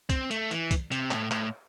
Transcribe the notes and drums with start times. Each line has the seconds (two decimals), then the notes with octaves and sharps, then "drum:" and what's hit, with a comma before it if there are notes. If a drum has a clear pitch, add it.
0.10 C4, drum: kick, hi-hat
0.31 A3, drum: hi-hat
0.51 E3, drum: hi-hat
0.71 drum: kick, hi-hat
0.92 C3, drum: hi-hat
1.11 A2, drum: clap
1.31 A2, drum: clap